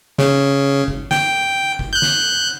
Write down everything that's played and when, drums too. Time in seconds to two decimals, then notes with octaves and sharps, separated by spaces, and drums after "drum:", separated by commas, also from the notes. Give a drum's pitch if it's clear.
0.18 C#3, drum: snare
0.88 drum: kick
1.11 G5, drum: snare
1.79 drum: kick
1.93 F#6 G6
2.02 drum: snare